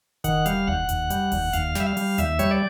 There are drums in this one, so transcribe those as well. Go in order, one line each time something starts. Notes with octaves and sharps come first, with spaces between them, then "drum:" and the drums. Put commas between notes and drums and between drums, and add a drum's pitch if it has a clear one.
D#3 F#5, drum: kick E1, hi-hat
G3 F5, drum: hi-hat
D#2 F#5, drum: kick E1
D#2, drum: hi-hat
G3, drum: hi-hat
D#2, drum: kick E1, open hi-hat
D#2 F5, drum: hi-hat
G3 E5, drum: snare
F5
G3, drum: open hi-hat
D#2 E5, drum: hi-hat
G3 C#5, drum: hi-hat
D5